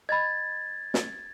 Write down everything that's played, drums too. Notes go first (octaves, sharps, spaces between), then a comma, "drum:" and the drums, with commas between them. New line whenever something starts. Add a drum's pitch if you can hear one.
D#5 B5 G#6 A6
drum: snare